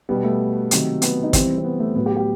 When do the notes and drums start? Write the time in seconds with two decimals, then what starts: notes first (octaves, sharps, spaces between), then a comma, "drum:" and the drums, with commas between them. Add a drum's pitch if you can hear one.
0.09 B2 G3 B3
0.24 A3
0.71 C3 D#3 F#3, drum: hi-hat
1.02 B3, drum: hi-hat
1.23 D#4
1.33 C3 E3 G3 C4, drum: kick, hi-hat
1.58 C4
1.65 B3
1.80 A3
1.95 A2 F#3 B3
2.06 G4
2.16 G4